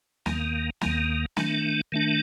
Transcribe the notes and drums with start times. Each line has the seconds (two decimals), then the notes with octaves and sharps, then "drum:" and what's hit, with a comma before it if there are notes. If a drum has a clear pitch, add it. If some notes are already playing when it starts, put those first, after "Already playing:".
0.26 D#2 D#3 A#3, drum: snare
0.81 D#2 D#3 A#3, drum: snare
1.37 D#3 A3 D4, drum: snare
1.92 D#3 A3 D4